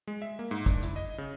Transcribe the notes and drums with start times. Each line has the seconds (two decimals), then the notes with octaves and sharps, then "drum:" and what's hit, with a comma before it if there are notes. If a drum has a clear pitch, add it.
0.07 G#3
0.22 E5
0.39 A#3
0.51 G#2
0.66 D4, drum: kick, hi-hat
0.83 E4, drum: hi-hat
0.96 D#5
1.18 C#3